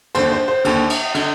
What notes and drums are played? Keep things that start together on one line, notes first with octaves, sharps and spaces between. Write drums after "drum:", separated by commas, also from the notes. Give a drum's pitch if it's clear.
D#2 D3 C5, drum: cymbal
C5
C5
D#2 D3, drum: cymbal
drum: cymbal
D3, drum: cymbal